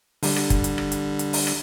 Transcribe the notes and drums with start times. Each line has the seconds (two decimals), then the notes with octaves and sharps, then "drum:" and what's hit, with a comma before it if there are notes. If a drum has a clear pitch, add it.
0.23 D3 G3, drum: open hi-hat
0.36 drum: rim click
0.50 drum: kick, hi-hat
0.64 drum: hi-hat
0.78 drum: rim click
0.92 drum: hi-hat
1.19 drum: hi-hat
1.33 drum: open hi-hat
1.47 drum: rim click